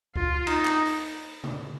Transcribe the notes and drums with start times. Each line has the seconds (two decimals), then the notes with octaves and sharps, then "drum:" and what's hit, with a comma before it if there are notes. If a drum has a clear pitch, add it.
0.16 F4, drum: kick C#2
0.47 D#4, drum: cymbal
0.65 drum: clap
0.85 drum: open hi-hat
1.44 drum: tom B2